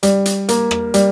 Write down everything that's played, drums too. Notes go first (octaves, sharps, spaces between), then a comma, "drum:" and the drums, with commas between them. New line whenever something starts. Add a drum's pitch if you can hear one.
G3, drum: hi-hat
drum: hi-hat
A#3, drum: hi-hat
drum: rim click
G3, drum: hi-hat